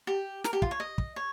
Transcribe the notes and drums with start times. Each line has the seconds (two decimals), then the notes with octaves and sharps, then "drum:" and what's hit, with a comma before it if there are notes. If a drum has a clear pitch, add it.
0.07 G4
0.44 A#4, drum: snare
0.53 G4
0.62 F4, drum: kick
0.71 C#5
0.80 D#5
0.98 drum: kick
1.16 C#5